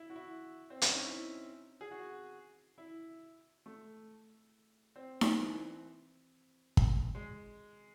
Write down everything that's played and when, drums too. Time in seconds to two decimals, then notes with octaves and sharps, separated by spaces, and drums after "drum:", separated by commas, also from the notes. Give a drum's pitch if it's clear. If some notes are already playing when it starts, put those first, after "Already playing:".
Already playing: E4
0.10 F#4
0.16 E4
0.70 C4
0.82 C#4, drum: hi-hat
0.92 D#4
1.04 E4
1.81 G#4
1.91 F#4
2.78 E4
3.66 A3
4.96 C4
5.21 drum: snare D#4
5.39 E3
6.77 drum: kick
7.15 G#3